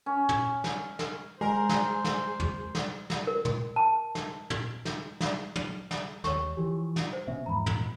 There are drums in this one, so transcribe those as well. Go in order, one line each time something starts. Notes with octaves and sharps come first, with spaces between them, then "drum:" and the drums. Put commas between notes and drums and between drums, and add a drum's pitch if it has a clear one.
C#4
drum: tom
drum: snare
drum: snare
G#3 G#4 A#4 C5
drum: snare
drum: snare
drum: tom
drum: snare
drum: snare
A#4
drum: tom
A5
drum: snare
drum: tom
drum: snare
drum: snare
drum: tom
drum: snare
D#2 C#5 C#6, drum: snare
E3 F3 G4
drum: snare
C5
B2 B3 C#4 E5
E2 G#2 F3 A#5 B5
drum: tom